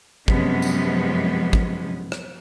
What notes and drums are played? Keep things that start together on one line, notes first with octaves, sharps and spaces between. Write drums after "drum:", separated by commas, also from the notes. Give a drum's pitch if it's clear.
F#2 C3 F3 G#3 B3 C#4, drum: kick
drum: tambourine
drum: kick
drum: rim click